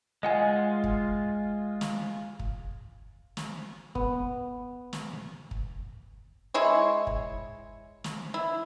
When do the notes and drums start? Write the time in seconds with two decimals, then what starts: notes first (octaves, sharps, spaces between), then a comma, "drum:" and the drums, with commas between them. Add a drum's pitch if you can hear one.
0.23 G#3 F4 D#5 F#5 G#5
0.84 drum: kick
1.81 drum: snare
2.39 drum: kick
3.37 drum: snare
3.95 B3, drum: kick
4.93 drum: snare
5.51 drum: kick
6.54 G#3 E4 C#5
7.07 drum: kick
8.04 drum: snare
8.34 E4